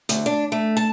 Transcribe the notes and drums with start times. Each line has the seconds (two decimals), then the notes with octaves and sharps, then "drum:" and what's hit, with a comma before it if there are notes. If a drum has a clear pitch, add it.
0.09 D2, drum: hi-hat
0.26 D4
0.52 A3
0.77 A5